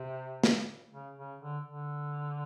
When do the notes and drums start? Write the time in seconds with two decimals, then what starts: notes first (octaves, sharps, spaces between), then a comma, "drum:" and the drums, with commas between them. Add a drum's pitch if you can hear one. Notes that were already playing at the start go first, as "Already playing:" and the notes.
Already playing: C3
0.44 drum: snare
0.93 C#3
1.17 C#3
1.41 D3
1.66 D3